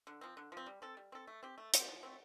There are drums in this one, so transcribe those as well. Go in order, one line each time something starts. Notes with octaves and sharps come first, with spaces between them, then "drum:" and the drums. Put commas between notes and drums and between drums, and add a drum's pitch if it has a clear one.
D3
F3 C4
D3
F3 C4
G3
C4 A4
G3
C4 A4
A3
C4 G4
A3
C4 G4, drum: hi-hat
F3
A3 C4